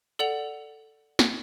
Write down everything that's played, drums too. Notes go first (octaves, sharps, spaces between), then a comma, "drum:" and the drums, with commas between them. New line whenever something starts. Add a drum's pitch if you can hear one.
A4 D5 F#5 F7 F#7
drum: snare